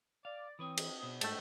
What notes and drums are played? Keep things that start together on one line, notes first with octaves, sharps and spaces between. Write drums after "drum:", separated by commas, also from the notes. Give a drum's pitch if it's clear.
D5 F5
E3 C4 B4 C#5 D#6
drum: cymbal
B2
G#2 A3 D4 G5 A5, drum: cymbal